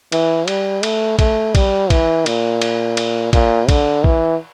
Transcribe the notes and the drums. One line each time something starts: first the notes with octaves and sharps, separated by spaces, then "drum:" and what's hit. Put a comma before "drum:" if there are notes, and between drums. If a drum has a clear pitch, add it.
E3, drum: cymbal
G3, drum: cymbal
A3, drum: cymbal
A3, drum: kick, cymbal
G3, drum: kick, cymbal
E3, drum: kick, cymbal
A#2, drum: cymbal
drum: cymbal
drum: cymbal
A#2, drum: kick, cymbal
D3, drum: kick, cymbal
E3, drum: kick